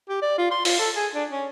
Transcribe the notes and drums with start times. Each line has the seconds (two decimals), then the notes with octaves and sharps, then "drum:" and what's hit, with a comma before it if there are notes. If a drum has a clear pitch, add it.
0.09 G4
0.22 D5
0.38 F4
0.51 C6
0.65 F4, drum: open hi-hat
0.79 A4
0.96 G#4
1.14 D4
1.30 C#4